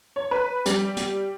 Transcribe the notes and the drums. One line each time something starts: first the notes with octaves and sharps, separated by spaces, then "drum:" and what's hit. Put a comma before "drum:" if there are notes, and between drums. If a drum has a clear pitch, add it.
C#5
B4
G3, drum: hi-hat
drum: hi-hat